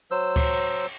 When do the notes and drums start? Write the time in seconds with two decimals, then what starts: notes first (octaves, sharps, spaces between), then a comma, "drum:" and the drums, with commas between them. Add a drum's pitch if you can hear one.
0.11 F#3 C5 E6
0.36 drum: kick C#2, cymbal